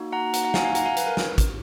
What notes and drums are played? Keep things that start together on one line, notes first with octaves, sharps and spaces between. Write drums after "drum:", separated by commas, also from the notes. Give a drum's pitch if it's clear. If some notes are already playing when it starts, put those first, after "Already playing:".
Already playing: A#3 D#4 F#4
F#5 A#5
F#5 A#5, drum: hi-hat
F#5 A#5
F5 G#5, drum: snare
F5 G#5
F#5 A#5, drum: hi-hat
F5 G#5
B4, drum: hi-hat
A#4
drum: snare
drum: kick, hi-hat